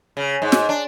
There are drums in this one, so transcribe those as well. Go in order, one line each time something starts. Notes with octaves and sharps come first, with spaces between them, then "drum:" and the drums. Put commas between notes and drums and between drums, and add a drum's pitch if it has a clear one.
C#3
G#2
drum: snare
D4